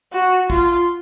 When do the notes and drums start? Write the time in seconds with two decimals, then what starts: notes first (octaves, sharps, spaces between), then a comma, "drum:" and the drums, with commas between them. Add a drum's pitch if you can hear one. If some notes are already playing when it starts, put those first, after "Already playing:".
0.13 F#4
0.50 F4, drum: kick